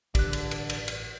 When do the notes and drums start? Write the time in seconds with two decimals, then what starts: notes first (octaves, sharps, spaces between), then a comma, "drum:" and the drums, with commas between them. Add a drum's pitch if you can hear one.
0.15 A1 G2 D3 G4 D5 F#6, drum: kick, cymbal
0.33 drum: cymbal
0.51 drum: cymbal
0.70 drum: cymbal
0.88 drum: cymbal